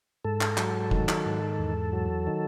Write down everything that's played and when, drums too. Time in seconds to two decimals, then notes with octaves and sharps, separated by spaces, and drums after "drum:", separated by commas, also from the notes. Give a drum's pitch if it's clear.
0.25 G#2 A4
0.41 drum: clap
0.57 F#3, drum: clap
0.91 D#3, drum: kick F1
1.09 drum: clap
1.26 G#2
1.59 E2
1.93 F#3
2.27 D#3